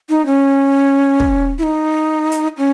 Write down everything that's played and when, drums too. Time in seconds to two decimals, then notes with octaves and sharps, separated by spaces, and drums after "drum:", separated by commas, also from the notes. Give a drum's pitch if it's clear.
0.10 D#4
0.26 C#4
1.20 drum: kick
1.58 E4
1.63 D#4
2.32 drum: hi-hat
2.58 C#4